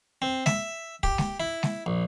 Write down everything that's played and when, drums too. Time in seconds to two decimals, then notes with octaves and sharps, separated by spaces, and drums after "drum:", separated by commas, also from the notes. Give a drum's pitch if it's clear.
0.22 C4
0.46 E5, drum: snare G#3
1.03 G4, drum: kick
1.18 drum: snare G#3
1.40 E4
1.63 drum: snare G#3
1.86 A#1